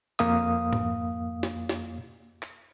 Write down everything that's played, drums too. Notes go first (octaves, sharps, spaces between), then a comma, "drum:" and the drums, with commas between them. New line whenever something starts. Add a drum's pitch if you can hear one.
F2 A#3 F5 D#6, drum: hi-hat
drum: tom G#2
drum: snare
drum: snare
drum: clap